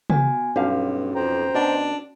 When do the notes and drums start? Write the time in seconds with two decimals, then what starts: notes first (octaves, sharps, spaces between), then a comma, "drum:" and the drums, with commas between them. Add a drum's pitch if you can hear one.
0.10 B3 F#4 G#5, drum: tom
0.56 B1 G2 C#4 F#4 F5
1.15 F2 C5 G5 A#5
1.55 B2 D4